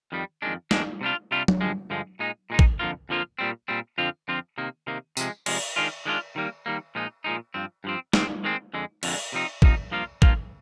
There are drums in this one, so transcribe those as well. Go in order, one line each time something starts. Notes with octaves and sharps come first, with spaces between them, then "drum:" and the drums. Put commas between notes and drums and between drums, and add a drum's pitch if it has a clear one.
F2 D#3 G3
F2 D#3 G#3 D4
F2 D#3 G#3 D4, drum: snare
C3 G3 D4 F4
C3 G3 D4 F4
drum: tom F#3
G2 D3 F3 G#3
G2 D3 F3 G#3
A#2 G#3 D#4
A#2 G#3 D#4
drum: kick
F2 D3 F3 A#3 F4
F2 D3 F3 A#3 F4
A#2 G3 C4
A#2 G3 C4
F2 D3 F3 C4 F4
F2 D3 F3 C4 F4
C3 D#3 A#3
C3 D#3 A#3
C3 F3 G#3, drum: tambourine
C3 F3 G#3, drum: cymbal
D#3 G#3 D4 F4
D#3 G#3 D4 F4
D#3 G3 A#3
D#3 G3 A#3
A#2 F3 G#3 D#4
A#2 F3 G#3 D#4
G2 F3 C4
G2 F3 C4
D#3 G#3 C4, drum: snare
D#3 G#3 C4
F2 D3 G#3
F2 D3 G#3, drum: cymbal
C3 F3 C4 D#4
C3 F3 C4 D#4, drum: kick
G2 F3 A#3 F4
G2 F3 A#3 F4, drum: kick